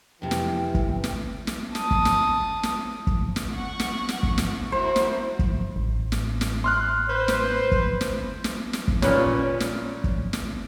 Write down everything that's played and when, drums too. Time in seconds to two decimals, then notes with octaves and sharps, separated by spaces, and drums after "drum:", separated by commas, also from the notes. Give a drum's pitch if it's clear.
0.22 F2 C3 E3 G5
0.31 drum: snare
0.75 drum: kick
1.04 drum: snare
1.47 drum: snare
1.75 A5 D#6, drum: snare
1.91 drum: kick
2.05 drum: snare
2.63 drum: snare
3.07 drum: kick
3.36 drum: snare
3.52 F#5 C#6
3.80 drum: snare
4.09 drum: snare
4.23 drum: kick
4.38 drum: snare
4.72 E4 F#4 A#4 C5
4.96 drum: snare
5.39 drum: kick
5.76 A1
6.12 drum: snare
6.41 drum: snare
6.64 C6 F6 F#6
7.09 B4 C5
7.28 drum: snare
7.72 drum: kick
8.01 drum: snare
8.44 drum: snare
8.73 drum: snare
8.88 drum: kick
9.02 A#2 C#4 B4 C#5, drum: snare
9.60 drum: snare
10.04 drum: kick
10.33 drum: snare